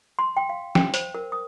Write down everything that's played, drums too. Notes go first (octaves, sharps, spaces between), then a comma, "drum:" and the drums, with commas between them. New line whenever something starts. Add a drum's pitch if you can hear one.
C6
G5
F5
G5, drum: snare
C5, drum: hi-hat
A#4
D#6